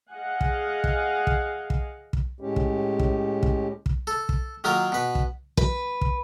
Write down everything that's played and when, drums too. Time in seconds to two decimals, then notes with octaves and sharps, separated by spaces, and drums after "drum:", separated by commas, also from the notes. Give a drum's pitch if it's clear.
0.12 G#4 D#5 F5 F#5 G#5
0.41 drum: kick
0.84 drum: kick
1.27 drum: kick
1.70 drum: kick
2.13 drum: kick
2.40 A2 G#3 C#4 G4
2.56 drum: kick
2.99 drum: kick
3.43 drum: kick
3.86 drum: kick
4.07 A4
4.29 drum: kick
4.64 D#3 F#3 A#3 F4 A#4
4.92 B2 B4
5.15 drum: kick
5.57 B4, drum: kick
6.01 drum: kick